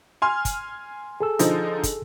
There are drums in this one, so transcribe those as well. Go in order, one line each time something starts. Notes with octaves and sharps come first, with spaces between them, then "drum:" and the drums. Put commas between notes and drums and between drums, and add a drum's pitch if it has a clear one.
G#5 C6 F6
drum: kick, hi-hat
G#4 A4 E6
D3 F3 D#4, drum: hi-hat
drum: kick, hi-hat